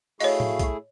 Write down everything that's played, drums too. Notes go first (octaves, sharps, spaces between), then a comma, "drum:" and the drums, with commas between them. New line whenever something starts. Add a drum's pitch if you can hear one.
A3 E4 F#4 G#4 C#5 D#5 F5, drum: open hi-hat
drum: tom A2
drum: kick, hi-hat